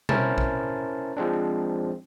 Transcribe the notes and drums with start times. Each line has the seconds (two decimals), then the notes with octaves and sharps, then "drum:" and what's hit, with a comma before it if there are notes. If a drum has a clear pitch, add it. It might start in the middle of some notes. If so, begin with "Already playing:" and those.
0.09 C#4 E4 A#4 C5 A5, drum: tom B2
0.38 drum: kick
1.17 F3 G#3 C4 D4